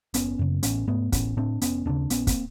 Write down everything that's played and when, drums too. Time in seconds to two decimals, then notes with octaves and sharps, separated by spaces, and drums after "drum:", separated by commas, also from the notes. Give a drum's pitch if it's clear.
0.14 F#1 B3 C#4, drum: hi-hat
0.39 F#2 C#3
0.63 A1 B3 C#4, drum: hi-hat
0.87 G#2 A3 B3
1.12 A1 B3 C#4, drum: kick, hi-hat
1.37 A2 C4 D4
1.61 F1 B3 C#4, drum: hi-hat
1.85 D#2 C#3 C4 D4
2.10 A#1 B3 C#4, drum: hi-hat
2.27 A#3 C4, drum: kick, hi-hat